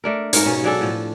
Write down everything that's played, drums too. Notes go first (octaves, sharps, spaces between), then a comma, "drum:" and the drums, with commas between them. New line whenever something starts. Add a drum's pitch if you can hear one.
A3 D4 A#4
G#2 A#4 C#5, drum: hi-hat
B2 C#4
F#3 D4 G#4 A4
A2 F3